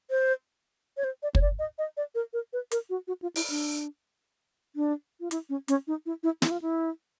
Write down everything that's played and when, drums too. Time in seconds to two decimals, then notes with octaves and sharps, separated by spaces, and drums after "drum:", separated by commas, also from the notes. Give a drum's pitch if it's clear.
0.10 C5
0.97 C#5
1.04 C5
1.23 D5
1.35 C#5, drum: kick
1.41 D5
1.59 D#5
1.78 D#5
1.97 D5
2.15 A#4
2.33 A#4
2.53 B4
2.71 A#4, drum: hi-hat
2.90 F#4
3.08 F#4
3.22 F4
3.36 E4, drum: open hi-hat
3.50 D4
4.76 D4
5.20 F4
5.31 E4, drum: hi-hat
5.49 C#4
5.68 C#4, drum: hi-hat
5.87 D#4
6.06 E4
6.23 E4
6.42 E4, drum: snare
6.51 F4
6.62 E4